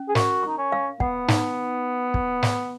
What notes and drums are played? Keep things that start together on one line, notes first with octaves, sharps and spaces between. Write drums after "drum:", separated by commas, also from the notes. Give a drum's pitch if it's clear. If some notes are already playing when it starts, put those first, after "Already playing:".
Already playing: C#4
G#4
F#4 A#4, drum: snare
D#4 C#6
C#4
F5
B3 F#5, drum: kick
D#4, drum: snare
drum: kick
drum: snare